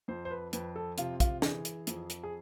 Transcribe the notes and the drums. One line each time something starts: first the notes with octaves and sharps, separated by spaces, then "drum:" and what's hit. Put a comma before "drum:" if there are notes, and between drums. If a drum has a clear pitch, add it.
F2 C5
C5
B4
F2 B4, drum: hi-hat
A4
C3 F4, drum: hi-hat
F4, drum: kick, hi-hat
E3 G#4, drum: snare
drum: hi-hat
F2, drum: hi-hat
drum: hi-hat
G#4